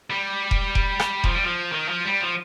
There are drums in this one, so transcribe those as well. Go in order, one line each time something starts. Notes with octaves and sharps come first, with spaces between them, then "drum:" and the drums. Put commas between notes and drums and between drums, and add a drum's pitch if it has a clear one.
G3
drum: kick E1
drum: kick E1
drum: rim click
F3, drum: kick E1
G3
F3
D#3
F3
G3
F3